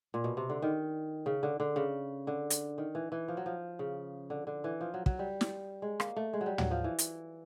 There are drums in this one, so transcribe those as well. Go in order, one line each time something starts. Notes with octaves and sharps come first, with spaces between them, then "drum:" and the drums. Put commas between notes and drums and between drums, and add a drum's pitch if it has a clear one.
A#2
B2
C3
D3
D#3
C#3
D3
D3
C#3
D3
drum: hi-hat
D#3
E3
E3
F3
F#3
F3
C#3
D3
D3
E3
F3
F#3
F#3, drum: kick
G3
drum: snare
G#3
A#3, drum: rim click
A3
G#3
F#3
G3
F#3, drum: tom
F3
E3
drum: hi-hat